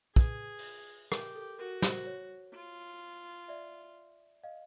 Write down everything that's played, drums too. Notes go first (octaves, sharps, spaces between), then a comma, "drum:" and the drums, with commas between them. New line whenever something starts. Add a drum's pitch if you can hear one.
G#4 B4, drum: kick
drum: open hi-hat
G4 A#4, drum: rim click
A4
F#4 A#4
C5, drum: snare
C#5
F4
D5 E5
D#5 F5